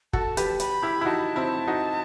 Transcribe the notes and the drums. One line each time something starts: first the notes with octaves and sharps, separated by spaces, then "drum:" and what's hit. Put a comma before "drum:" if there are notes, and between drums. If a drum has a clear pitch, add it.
F#4 A4 A5, drum: kick
G4 B4, drum: hi-hat
B5, drum: hi-hat
E4 G4
E4
D#4 F#4 A5
C4 E4
D#4 F#4